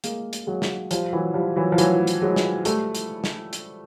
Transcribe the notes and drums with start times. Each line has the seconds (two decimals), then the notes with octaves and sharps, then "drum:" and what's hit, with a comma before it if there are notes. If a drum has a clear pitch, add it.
0.04 G#3 A#3, drum: hi-hat
0.33 drum: hi-hat
0.47 F#3 G#3
0.62 drum: snare
0.91 F3 G3, drum: hi-hat
1.13 E3 F#3
1.34 F3 G3
1.56 E3 F#3
1.72 F3
1.78 E3 F#3, drum: hi-hat
2.07 drum: hi-hat
2.22 F#3 G#3
2.36 drum: snare
2.65 G3 A3, drum: hi-hat
2.95 drum: hi-hat
3.24 drum: snare
3.53 drum: hi-hat